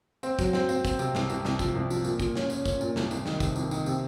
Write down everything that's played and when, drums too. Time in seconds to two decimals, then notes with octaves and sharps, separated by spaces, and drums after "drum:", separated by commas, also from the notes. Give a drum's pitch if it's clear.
0.23 C4, drum: tambourine
0.39 F#3, drum: kick, tambourine
0.53 C4, drum: snare
0.69 C4, drum: tambourine
0.85 C4, drum: kick, tambourine
0.99 C3, drum: tambourine
1.15 C2, drum: snare
1.29 C2, drum: tambourine
1.45 C2, drum: snare
1.59 F3, drum: kick, tambourine
1.75 C2
1.90 F3, drum: tambourine
2.04 A#2, drum: tambourine
2.20 A#2, drum: kick, tambourine
2.36 C#4, drum: snare
2.50 C#4, drum: tambourine
2.65 C#4, drum: kick, tambourine
2.81 A#2, drum: tambourine
2.96 C2, drum: snare
3.11 C2, drum: tambourine
3.26 D#3, drum: snare
3.40 C3, drum: kick, tambourine
3.56 C2, drum: tambourine
3.71 D#3, drum: tambourine
3.86 C3, drum: tambourine